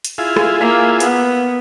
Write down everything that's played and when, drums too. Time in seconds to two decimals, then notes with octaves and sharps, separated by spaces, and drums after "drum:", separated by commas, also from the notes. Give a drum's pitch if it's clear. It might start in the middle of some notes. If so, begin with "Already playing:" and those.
0.05 drum: hi-hat
0.18 E4 F4 G#4
0.36 drum: rim click
0.60 A#3
1.00 B3, drum: hi-hat